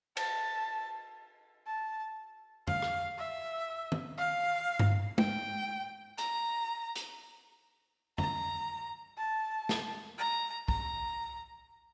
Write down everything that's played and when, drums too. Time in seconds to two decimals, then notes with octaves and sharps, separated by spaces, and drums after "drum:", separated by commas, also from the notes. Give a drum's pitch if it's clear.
0.17 A5, drum: cymbal
1.67 A5
2.68 F5, drum: tom F2
2.82 drum: rim click
3.18 E5
3.92 drum: tom D#3
4.18 F5
4.79 drum: tom G2
5.18 G5, drum: tom G#3
6.18 A#5, drum: hi-hat
6.96 drum: hi-hat
8.18 A#5, drum: tom F2
9.18 A5
9.69 drum: snare
10.18 A#5
10.68 A#5, drum: kick